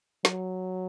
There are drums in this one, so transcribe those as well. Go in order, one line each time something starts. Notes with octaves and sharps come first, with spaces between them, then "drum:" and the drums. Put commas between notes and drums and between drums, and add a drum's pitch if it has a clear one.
F#3, drum: snare